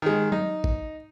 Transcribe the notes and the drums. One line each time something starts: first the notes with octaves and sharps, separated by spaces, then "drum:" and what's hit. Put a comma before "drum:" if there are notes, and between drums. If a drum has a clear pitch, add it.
D#3 G#3
D#4, drum: tom F#3
drum: kick